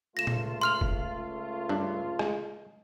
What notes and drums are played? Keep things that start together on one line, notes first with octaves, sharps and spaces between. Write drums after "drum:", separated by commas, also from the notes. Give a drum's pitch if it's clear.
C#2 A3 F4 A#6 E7
drum: tom A#2
C6 F6 F7
drum: kick
G2 D4
G#3, drum: rim click